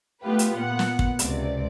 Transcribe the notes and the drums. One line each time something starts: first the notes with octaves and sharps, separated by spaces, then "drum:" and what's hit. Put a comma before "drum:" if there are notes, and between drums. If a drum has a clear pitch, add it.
A3 B3 F4 G4 B4
drum: hi-hat
A#2 B3 F#5
drum: snare
drum: kick
C#2 C3 D5, drum: hi-hat